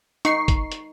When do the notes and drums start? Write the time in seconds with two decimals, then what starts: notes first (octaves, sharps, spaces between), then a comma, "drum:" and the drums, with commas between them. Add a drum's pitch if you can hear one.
0.25 D#4 C#6 C7, drum: hi-hat
0.48 drum: kick, hi-hat
0.72 drum: hi-hat